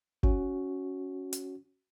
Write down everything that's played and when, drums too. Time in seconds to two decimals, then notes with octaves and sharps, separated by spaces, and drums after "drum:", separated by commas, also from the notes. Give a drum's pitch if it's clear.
0.23 C#4 F#4, drum: kick G#1
1.33 drum: hi-hat